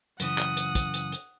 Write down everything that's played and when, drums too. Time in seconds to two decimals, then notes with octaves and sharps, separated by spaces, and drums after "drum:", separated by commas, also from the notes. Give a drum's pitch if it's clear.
0.20 F#2 C#3 E3 F#5 D#6, drum: hi-hat
0.38 drum: clap
0.57 drum: hi-hat
0.75 drum: kick, hi-hat
0.94 drum: hi-hat
1.12 drum: hi-hat